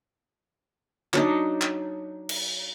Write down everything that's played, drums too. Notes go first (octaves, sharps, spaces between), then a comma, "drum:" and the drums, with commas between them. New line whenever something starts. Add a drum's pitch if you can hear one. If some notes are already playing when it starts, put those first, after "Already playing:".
F#3 D4 D#4, drum: clap
drum: clap
drum: cymbal